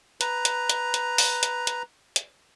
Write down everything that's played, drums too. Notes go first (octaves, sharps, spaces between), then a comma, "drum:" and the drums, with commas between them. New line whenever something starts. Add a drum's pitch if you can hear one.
B4 A#5, drum: hi-hat
drum: hi-hat
drum: hi-hat
drum: hi-hat
drum: open hi-hat
drum: hi-hat
drum: hi-hat
drum: hi-hat